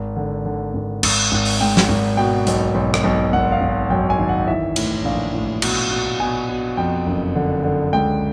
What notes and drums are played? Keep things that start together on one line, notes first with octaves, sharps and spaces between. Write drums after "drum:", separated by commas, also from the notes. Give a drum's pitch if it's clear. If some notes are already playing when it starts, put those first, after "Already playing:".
Already playing: G#1
D3
D3
G#1
G#1, drum: cymbal
G#1
drum: open hi-hat
G#2 G5
drum: snare
G#1
B2 G5
B1, drum: hi-hat
B1
drum: rim click
B1
G#1 F#5
F5
G#1
F#5
F#2 G5
G#5
D#3
F#5
E3 E5
A2, drum: cymbal
A#1 F5
A2
B2, drum: cymbal
B2
B2 G#5
B2
F2 G5
F#1
D3
D3
C#2 G5